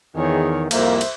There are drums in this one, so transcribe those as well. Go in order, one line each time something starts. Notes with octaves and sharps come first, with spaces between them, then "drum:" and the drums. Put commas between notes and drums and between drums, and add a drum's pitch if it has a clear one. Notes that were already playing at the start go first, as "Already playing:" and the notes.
E2 D#3 G#4 C#5
C2 F2 A#3 C5 E5, drum: cymbal
drum: cymbal